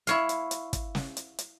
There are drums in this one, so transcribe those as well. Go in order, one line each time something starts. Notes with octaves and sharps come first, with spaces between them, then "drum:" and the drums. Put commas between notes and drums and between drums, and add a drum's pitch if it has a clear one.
E4 C#5 F5, drum: hi-hat
drum: hi-hat
drum: hi-hat
drum: kick, hi-hat
drum: snare
drum: hi-hat
drum: hi-hat